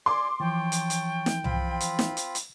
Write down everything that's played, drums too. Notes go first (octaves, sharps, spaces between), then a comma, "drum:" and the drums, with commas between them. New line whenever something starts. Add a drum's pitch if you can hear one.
D5 G#5 C6 D6
E3 F3 C#5 G5 A5
drum: hi-hat
drum: hi-hat
drum: snare
C4 F4 B5, drum: tom C2
drum: hi-hat
drum: snare
drum: hi-hat
drum: hi-hat